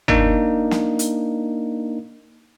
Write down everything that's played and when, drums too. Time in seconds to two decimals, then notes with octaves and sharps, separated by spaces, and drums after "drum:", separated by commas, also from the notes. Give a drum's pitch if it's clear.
0.08 A#3 D4 D#4, drum: tom G1
0.71 drum: snare
0.99 drum: hi-hat